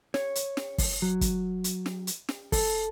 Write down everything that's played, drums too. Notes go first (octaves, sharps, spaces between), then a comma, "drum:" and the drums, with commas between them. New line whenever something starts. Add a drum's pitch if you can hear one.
C#5, drum: snare
drum: hi-hat
drum: snare
drum: kick, open hi-hat
F#3
drum: kick, hi-hat
drum: hi-hat
drum: snare
drum: hi-hat
drum: snare
A4, drum: kick, open hi-hat